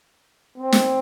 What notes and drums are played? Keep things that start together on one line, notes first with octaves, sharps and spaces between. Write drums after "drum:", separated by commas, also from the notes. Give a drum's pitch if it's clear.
C4
drum: snare